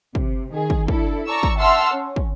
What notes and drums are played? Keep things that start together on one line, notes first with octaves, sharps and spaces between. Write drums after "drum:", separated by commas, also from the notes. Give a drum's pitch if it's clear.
C3, drum: kick
D#3 G#4
drum: kick
D4 E4 A4, drum: kick
D5 A5 A#5 C#6 E6
drum: kick
E5 F#5 A5 C6 E6 F6
C#4
drum: kick